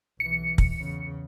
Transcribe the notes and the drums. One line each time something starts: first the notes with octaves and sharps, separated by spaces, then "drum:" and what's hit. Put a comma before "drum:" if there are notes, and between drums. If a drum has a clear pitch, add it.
B1 E3 C#7
drum: kick
E2 C#3